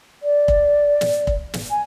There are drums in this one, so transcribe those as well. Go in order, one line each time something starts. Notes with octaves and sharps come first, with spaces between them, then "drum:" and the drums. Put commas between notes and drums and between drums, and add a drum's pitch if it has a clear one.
D5
drum: kick
drum: snare
drum: kick
drum: snare
G#5